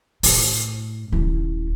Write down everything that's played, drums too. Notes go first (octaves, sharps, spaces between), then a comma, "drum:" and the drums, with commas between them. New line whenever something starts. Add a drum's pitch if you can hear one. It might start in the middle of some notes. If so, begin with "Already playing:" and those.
A2, drum: open hi-hat
D#1 E4